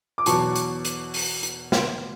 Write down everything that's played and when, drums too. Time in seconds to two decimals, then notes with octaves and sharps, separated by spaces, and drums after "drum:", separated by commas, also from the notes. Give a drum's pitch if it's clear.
0.18 D6
0.26 E2 B2 F#3 B3 A5 C#6, drum: hi-hat
0.55 drum: hi-hat
0.85 drum: hi-hat
1.14 drum: open hi-hat
1.43 drum: hi-hat
1.72 drum: snare